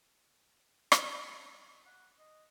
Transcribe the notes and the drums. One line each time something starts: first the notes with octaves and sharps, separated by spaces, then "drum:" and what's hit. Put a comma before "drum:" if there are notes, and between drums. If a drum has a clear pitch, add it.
drum: rim click
F#5
D#5